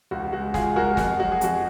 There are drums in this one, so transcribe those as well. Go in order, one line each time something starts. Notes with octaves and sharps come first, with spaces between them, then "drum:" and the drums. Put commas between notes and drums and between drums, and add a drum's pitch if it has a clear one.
C#2 F#4
G#3 F#4
G#3 F4 G#4, drum: snare
G#3 F#4 A#4
F2 F#4, drum: snare
F#3 F#4
G#4
F2 F#4, drum: hi-hat